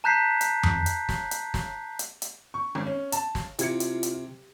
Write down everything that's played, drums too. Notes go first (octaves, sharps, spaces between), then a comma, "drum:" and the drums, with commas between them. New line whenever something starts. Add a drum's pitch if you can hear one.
A5 A#5 F#6 G6 B6 C7
drum: hi-hat
drum: tom F2
drum: hi-hat
drum: snare
drum: hi-hat
drum: snare
drum: hi-hat
drum: hi-hat
C#6
G#1
C#4
A5, drum: hi-hat
drum: snare
C3 E4 F4 G4 G#6 C#7, drum: hi-hat
drum: hi-hat
drum: hi-hat